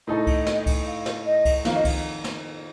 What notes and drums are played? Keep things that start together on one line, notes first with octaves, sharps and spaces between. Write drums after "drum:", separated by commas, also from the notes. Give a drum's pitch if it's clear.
A2 A3 D#4 A4 D#5
drum: kick, cymbal
drum: snare
drum: kick, cymbal
F5
drum: snare
D#5
drum: kick, cymbal
F2 D#3 A#3 F5, drum: snare
D#5
drum: kick, cymbal
drum: snare